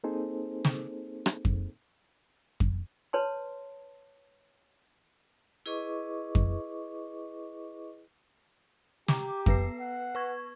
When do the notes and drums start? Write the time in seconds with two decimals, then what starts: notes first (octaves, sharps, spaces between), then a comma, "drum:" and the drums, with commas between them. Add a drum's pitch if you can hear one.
0.04 A#3 C4 D#4 G#4 A4 C5
0.65 drum: snare
1.26 drum: rim click
1.45 drum: kick F2
2.60 drum: kick F2
3.13 B4 C#5 A5 C6
5.66 E4 G#4 B4 D#5 C#6 D6
6.35 drum: kick F2
9.08 G4 A#5 D6, drum: snare
9.46 B3 B4 C7, drum: kick F2
9.80 F#5
10.15 B4 C#6 G#6